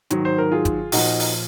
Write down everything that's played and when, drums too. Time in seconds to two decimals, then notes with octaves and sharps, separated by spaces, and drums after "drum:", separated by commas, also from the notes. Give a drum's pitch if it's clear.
0.10 G#2 D#3 F#3, drum: hi-hat
0.25 C5
0.38 A#4
0.52 F4 G#4
0.65 drum: kick, hi-hat
0.92 A#2 F3 D#4 F#4, drum: open hi-hat
1.20 drum: open hi-hat